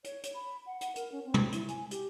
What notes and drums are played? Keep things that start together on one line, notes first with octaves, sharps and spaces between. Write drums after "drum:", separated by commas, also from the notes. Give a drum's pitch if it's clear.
C#5, drum: hi-hat
drum: hi-hat
B5
F#5
F#5, drum: hi-hat
A#4, drum: hi-hat
C#4
C4
drum: tom
E4, drum: hi-hat
G#5, drum: hi-hat
G4, drum: hi-hat